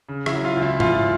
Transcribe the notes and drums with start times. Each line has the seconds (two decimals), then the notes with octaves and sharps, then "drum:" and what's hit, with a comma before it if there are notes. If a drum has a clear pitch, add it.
0.09 C#3
0.26 E4 E5, drum: rim click
0.33 F#3
0.44 F4 F5
0.57 C#2
0.62 E4 E5
0.80 C#2 F4 F5, drum: tom G#2